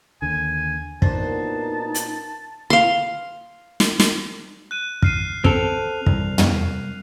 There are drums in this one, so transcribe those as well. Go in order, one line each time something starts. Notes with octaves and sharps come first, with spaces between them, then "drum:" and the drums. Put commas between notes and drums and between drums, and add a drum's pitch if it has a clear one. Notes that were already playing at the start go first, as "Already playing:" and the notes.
D#2 D3 G#5
A#2 B3 D4 D#4 F#4 A#4 C5 A5, drum: kick
drum: hi-hat
F5 C6
drum: snare
drum: snare
F#6 D#7
F6 C7 D#7, drum: kick
C4 A4 F7, drum: kick
C2, drum: kick
drum: tom